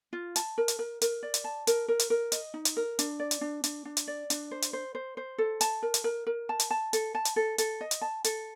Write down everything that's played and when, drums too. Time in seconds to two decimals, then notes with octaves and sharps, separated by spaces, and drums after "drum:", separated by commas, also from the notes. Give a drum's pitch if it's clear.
0.13 F4
0.36 A5, drum: hi-hat
0.58 A#4
0.68 drum: hi-hat
0.79 A#4
1.01 A#4, drum: hi-hat
1.23 D5
1.34 drum: hi-hat
1.44 A5
1.67 A#4, drum: hi-hat
1.88 A#4
1.99 drum: hi-hat
2.10 A#4
2.32 D#5, drum: hi-hat
2.54 D#4
2.65 drum: hi-hat
2.77 A#4
2.99 D4, drum: hi-hat
3.20 D5
3.31 drum: hi-hat
3.41 D4
3.64 D4, drum: hi-hat
3.85 D4
3.97 drum: hi-hat
4.07 D5
4.30 D4, drum: hi-hat
4.51 C5
4.62 drum: hi-hat
4.73 C5
4.95 C5
5.17 C5
5.38 A4
5.61 A5, drum: hi-hat
5.83 A#4
5.94 drum: hi-hat
6.04 A#4
6.27 A#4
6.49 A5
6.60 drum: hi-hat
6.71 A5
6.93 A4, drum: hi-hat
7.15 A5
7.25 drum: hi-hat
7.36 A4
7.58 A4, drum: hi-hat
7.81 D#5
7.91 drum: hi-hat
8.01 A5
8.24 A4, drum: hi-hat